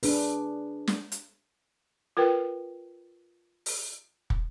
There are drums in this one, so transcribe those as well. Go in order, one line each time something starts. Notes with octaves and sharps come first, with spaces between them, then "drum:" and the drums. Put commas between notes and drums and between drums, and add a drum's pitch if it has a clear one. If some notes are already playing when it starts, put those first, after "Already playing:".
D4 G#4 B4, drum: open hi-hat
drum: snare
drum: hi-hat
F4 A#4 B4 G5
drum: open hi-hat
drum: kick